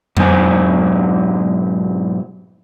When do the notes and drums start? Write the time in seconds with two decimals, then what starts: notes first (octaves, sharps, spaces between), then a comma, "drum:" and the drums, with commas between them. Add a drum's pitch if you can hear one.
0.17 G#2 B2 F#3 D#4 C5 G#5, drum: tom F2